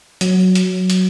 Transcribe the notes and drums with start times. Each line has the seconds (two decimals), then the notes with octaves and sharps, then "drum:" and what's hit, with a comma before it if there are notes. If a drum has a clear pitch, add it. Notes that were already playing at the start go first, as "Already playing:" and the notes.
0.21 F#3, drum: hi-hat
0.55 drum: hi-hat
0.90 drum: hi-hat